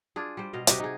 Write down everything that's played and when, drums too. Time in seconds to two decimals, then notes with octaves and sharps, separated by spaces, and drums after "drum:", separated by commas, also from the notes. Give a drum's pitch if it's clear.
0.16 D4 F4 G#4
0.37 G3 C5
0.53 B2 D#5 F5
0.67 C3 F#4 G4 D#5, drum: hi-hat
0.80 D#4 G#4